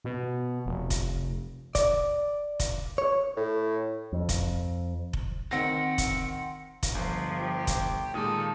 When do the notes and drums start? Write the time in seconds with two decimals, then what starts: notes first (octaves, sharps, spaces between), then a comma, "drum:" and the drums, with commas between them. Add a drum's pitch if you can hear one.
0.05 B2
0.66 F1
0.90 drum: kick F1, hi-hat
1.75 D5, drum: kick F1, hi-hat
2.60 drum: kick F1, hi-hat
2.98 C#5
3.37 A2
4.13 F2
4.29 drum: kick F1, hi-hat
5.13 drum: kick F1
5.51 D#3 C4 F#5 A#6
5.98 drum: kick F1, hi-hat
6.83 drum: kick F1, hi-hat
6.95 G1 F3
7.31 G4
7.67 drum: kick F1, hi-hat
8.14 A#2 D#3 G#3 A4 D#6